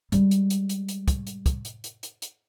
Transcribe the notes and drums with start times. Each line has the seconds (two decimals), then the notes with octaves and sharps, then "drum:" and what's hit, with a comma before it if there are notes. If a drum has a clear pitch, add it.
0.12 G3 G#3, drum: hi-hat
0.31 drum: hi-hat
0.50 drum: hi-hat
0.69 drum: hi-hat
0.88 drum: hi-hat
1.08 drum: kick, hi-hat
1.27 drum: hi-hat
1.46 drum: kick, hi-hat
1.65 drum: hi-hat
1.84 drum: hi-hat
2.03 drum: hi-hat
2.22 drum: hi-hat